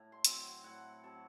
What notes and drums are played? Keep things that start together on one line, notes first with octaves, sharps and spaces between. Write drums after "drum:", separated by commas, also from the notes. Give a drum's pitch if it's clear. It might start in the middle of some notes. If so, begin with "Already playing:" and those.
Already playing: A2
C6
F#3 C4, drum: hi-hat
A2 F#5
F#3 C4 A5